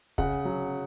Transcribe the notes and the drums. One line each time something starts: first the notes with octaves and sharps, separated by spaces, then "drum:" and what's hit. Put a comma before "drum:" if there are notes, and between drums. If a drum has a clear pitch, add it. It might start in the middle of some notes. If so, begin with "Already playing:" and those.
C#3 F#5, drum: kick
F#3